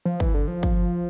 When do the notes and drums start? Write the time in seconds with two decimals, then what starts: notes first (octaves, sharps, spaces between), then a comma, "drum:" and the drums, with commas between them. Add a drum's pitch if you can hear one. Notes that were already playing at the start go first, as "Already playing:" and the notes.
0.05 F3
0.20 E3, drum: kick
0.34 D3
0.48 F3
0.63 drum: kick